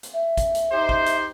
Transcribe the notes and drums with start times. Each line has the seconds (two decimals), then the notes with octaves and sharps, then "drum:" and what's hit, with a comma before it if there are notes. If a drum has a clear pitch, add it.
0.03 drum: hi-hat
0.14 E5
0.37 drum: kick G#1, hi-hat
0.55 drum: hi-hat
0.72 D#4 G4 C5
0.89 drum: kick G#1
1.06 drum: hi-hat